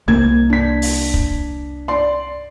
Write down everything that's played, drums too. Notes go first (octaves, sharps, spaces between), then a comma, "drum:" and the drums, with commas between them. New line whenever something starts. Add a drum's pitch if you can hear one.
C2 A#3 G#6
D4 B6
drum: open hi-hat
drum: kick
D5 C6